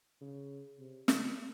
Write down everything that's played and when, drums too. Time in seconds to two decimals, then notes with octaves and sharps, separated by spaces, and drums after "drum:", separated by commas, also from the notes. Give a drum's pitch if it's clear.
0.21 C#3
0.79 C3
1.08 C#3, drum: snare